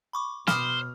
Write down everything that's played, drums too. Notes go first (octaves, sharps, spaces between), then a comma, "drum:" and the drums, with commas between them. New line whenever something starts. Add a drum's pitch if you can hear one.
B5 C#6 D6
B2 C5 B5 D6 D#6 F6, drum: snare